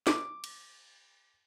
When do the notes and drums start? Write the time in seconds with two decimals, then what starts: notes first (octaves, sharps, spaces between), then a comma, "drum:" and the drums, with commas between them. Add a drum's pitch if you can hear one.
0.07 D6, drum: snare
0.44 drum: cymbal